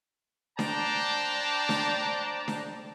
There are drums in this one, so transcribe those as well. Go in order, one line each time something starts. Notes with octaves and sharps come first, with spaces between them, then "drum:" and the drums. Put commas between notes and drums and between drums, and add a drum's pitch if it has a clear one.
D4 C5 D5 G5 A5 A#5, drum: snare D4
drum: snare D4
drum: snare D4